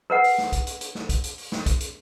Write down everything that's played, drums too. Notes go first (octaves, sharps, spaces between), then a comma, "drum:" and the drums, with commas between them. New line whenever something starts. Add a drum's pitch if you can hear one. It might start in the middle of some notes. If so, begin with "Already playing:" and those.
A#4 B4 F#5
drum: open hi-hat
drum: snare
drum: kick, hi-hat
drum: hi-hat
drum: hi-hat
drum: snare
drum: kick, hi-hat
drum: hi-hat
drum: open hi-hat
drum: snare
drum: kick, hi-hat
drum: hi-hat